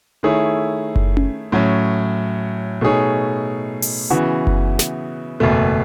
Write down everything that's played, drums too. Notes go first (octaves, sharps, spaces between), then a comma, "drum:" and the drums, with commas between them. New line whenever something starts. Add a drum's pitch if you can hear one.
D#3 A3 E4 G#4 C#5
drum: kick F#1
drum: tom C#4
A2 F#3 C#4
B2 A3 D#4 G#4 C#5
drum: open hi-hat
C#3 E3 B3 F#4
drum: kick F#1
drum: snare
F#1 E2 B2 A3